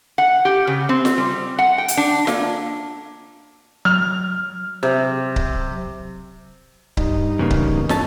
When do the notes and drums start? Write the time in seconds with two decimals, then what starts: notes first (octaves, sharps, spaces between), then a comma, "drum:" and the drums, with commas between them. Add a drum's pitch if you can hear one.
0.18 F#5
0.45 G4
0.67 C#3
0.89 C4
1.05 drum: snare
1.18 G3
1.59 F#5
1.78 G5
1.88 drum: hi-hat
1.97 D4
2.27 A#3, drum: snare
3.85 F#3 F6
4.83 C3
5.36 drum: kick C#1
6.97 G2 D#4, drum: kick C#1
7.39 E2 C#3 A#3
7.50 drum: kick C#1
7.89 E2 C#4 A5, drum: snare